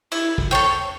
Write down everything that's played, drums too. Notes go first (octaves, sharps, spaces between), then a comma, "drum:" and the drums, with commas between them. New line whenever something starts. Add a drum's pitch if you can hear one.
E4, drum: cymbal
drum: kick
A4 C#5 G5
drum: tom